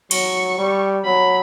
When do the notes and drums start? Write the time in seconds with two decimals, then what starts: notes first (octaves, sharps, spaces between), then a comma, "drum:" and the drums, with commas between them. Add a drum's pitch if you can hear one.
0.11 F#3 C#6, drum: cymbal
0.58 G3
1.05 F#3 B5